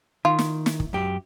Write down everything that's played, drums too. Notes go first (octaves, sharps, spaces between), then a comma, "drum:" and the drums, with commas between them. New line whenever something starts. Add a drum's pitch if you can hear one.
D#3 F4
drum: snare
drum: snare
drum: kick
F#2 G4